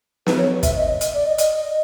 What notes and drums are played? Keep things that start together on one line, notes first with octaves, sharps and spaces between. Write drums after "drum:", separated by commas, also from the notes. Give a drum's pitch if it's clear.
B4, drum: snare
C#5
E5, drum: kick, hi-hat
D#5
drum: hi-hat
D5
D#5
drum: hi-hat